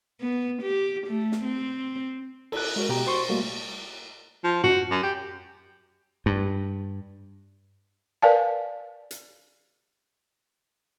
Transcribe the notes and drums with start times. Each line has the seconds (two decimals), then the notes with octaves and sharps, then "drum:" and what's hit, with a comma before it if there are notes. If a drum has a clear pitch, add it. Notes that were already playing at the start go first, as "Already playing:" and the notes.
0.21 B3
0.63 G4
1.07 A3
1.32 drum: snare
1.45 C4
2.52 A4 F#6, drum: cymbal
2.76 G#3 F#4 A#4
2.89 B2 G4 G5 A#5
3.06 F#4 C5 C6 C#6
3.29 G3 A3 A#3 F#4
4.44 F3
4.64 F#4, drum: tom F#2
4.91 F#2
5.03 G4
6.26 G2
8.22 A#4 B4 D5 F5 G#5 A5
9.11 drum: hi-hat